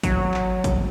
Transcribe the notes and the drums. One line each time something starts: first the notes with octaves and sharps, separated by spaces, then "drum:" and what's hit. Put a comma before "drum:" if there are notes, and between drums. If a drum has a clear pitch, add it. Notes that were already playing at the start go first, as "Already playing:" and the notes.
F#3, drum: kick, hi-hat
drum: clap
drum: kick, hi-hat